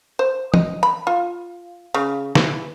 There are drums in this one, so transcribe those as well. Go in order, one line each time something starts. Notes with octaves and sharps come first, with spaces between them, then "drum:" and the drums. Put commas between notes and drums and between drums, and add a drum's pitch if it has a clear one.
C5
D#5, drum: tom
B5
F4
C#3
E3, drum: snare